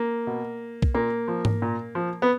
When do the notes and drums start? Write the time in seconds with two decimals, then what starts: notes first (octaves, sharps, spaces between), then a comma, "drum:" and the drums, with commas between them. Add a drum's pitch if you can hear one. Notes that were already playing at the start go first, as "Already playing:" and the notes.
Already playing: A#3
0.27 B2
0.82 drum: kick B1
0.94 A#2 A#3
1.28 F3
1.45 drum: tom G#2
1.62 A#2
1.95 F3
2.22 B3